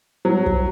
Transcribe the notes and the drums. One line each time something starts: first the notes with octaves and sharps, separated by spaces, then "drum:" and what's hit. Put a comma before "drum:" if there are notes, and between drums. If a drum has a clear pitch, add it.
F#3
drum: kick